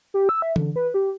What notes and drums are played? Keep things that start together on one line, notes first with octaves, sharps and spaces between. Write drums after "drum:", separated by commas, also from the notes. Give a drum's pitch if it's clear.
G4
E6
E5
D3, drum: tom E3
B4
G4